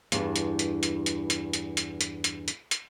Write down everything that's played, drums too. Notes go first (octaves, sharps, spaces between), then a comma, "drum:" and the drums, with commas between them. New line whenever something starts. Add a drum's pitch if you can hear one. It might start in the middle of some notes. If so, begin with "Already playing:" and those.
E2 G2 D4, drum: hi-hat
drum: hi-hat
drum: hi-hat
drum: hi-hat
drum: hi-hat
drum: hi-hat
drum: hi-hat
drum: hi-hat
drum: hi-hat
drum: hi-hat
drum: hi-hat
drum: hi-hat